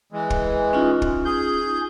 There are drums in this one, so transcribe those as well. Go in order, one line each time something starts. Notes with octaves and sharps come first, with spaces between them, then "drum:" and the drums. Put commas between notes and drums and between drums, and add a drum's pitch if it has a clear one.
E3 G#3
drum: kick
C#4 D#4 F4
drum: kick
G#4 G6